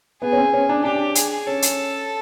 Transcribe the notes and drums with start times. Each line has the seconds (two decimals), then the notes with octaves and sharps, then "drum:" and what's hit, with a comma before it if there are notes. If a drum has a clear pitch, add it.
0.22 B3 G#4
0.32 C#4
0.38 C4
0.53 C#4
0.69 D4
0.84 D4 G4
1.15 G#4, drum: hi-hat
1.47 C#4 A4
1.62 drum: hi-hat